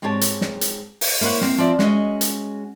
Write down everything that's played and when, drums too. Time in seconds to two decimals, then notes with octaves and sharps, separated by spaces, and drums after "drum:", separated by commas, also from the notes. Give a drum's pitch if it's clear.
0.02 G#2 C4 G4 C#5 G#5 A5
0.21 drum: hi-hat
0.41 drum: snare
0.61 drum: hi-hat
1.01 drum: open hi-hat
1.21 A#3 E4 C5 C#5 F#5
1.41 A#3 C4, drum: snare
1.58 F3 C4 C5 D5 E5
1.79 G#3 C#4 F#4 D#5, drum: snare
2.21 drum: hi-hat